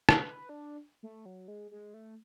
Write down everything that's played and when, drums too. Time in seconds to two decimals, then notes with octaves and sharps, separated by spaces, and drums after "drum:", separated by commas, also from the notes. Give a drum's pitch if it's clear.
0.09 C#5, drum: rim click
0.19 B4
0.49 D4
1.03 A3
1.26 F#3
1.48 G#3
1.71 G#3
1.94 A3